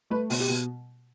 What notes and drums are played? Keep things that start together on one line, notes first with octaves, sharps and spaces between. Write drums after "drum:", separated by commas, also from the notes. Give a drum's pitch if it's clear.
A3 B4
B2, drum: open hi-hat
G4
B2